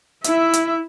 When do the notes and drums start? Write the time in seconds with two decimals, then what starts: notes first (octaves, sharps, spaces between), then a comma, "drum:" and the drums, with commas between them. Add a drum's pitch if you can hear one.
0.24 E4 E5, drum: hi-hat
0.53 drum: hi-hat